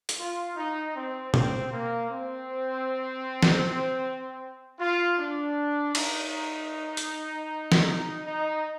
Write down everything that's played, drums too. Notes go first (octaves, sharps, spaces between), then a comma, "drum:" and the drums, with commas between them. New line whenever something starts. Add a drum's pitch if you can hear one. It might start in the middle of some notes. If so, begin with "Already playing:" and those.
drum: hi-hat
F4
D#4
C4
C4, drum: tom B2
A#3
C4
drum: snare
F4
D4
D#4, drum: cymbal
drum: hi-hat
drum: snare
D#4